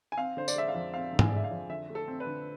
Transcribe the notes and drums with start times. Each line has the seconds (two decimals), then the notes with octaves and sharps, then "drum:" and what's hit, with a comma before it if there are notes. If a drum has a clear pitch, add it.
0.12 G#5
0.17 C4 F5
0.37 D3 C5
0.48 D5, drum: tambourine
0.56 G#3 E5
0.68 F5
0.74 F2
0.94 C4 F5
1.13 D3
1.19 G#5, drum: tom G#2
1.29 D5
1.32 G#3 E5
1.44 F5
1.51 F2
1.69 D3 E5
1.89 A3
1.95 A4
2.08 C4
2.20 B4
2.27 D3